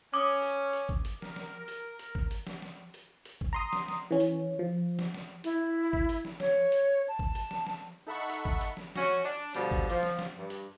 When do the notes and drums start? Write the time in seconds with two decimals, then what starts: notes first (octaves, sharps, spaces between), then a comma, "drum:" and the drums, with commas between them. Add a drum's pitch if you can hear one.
0.14 C#4 D6 D#6
0.42 drum: hi-hat
0.73 drum: hi-hat
0.89 drum: kick
1.05 drum: hi-hat
1.22 A#4, drum: snare
1.36 drum: snare
1.68 drum: hi-hat
1.99 drum: hi-hat
2.15 drum: kick
2.31 drum: hi-hat
2.47 drum: snare
2.62 drum: snare
2.94 drum: hi-hat
3.25 drum: hi-hat
3.41 drum: kick
3.53 A#5 C6 D#6
3.73 drum: snare
3.88 drum: snare
4.11 E3 C#4
4.20 drum: hi-hat
4.59 F3
4.99 drum: snare
5.14 drum: snare
5.44 E4, drum: hi-hat
5.93 drum: kick
6.09 drum: hi-hat
6.25 drum: snare
6.40 C#5, drum: snare
6.72 drum: hi-hat
7.08 A5
7.19 drum: kick
7.35 drum: hi-hat
7.51 drum: snare
7.67 drum: snare
8.07 D#4 A4 E5 F#5 B5 C#6
8.30 drum: hi-hat
8.45 drum: kick
8.61 drum: hi-hat
8.77 drum: snare
8.96 C#4 F#4, drum: snare
9.24 D4, drum: hi-hat
9.54 B2 D3 F3 G3, drum: hi-hat
9.71 drum: kick
9.90 F3, drum: hi-hat
10.03 drum: snare
10.19 drum: snare
10.37 G2
10.50 drum: hi-hat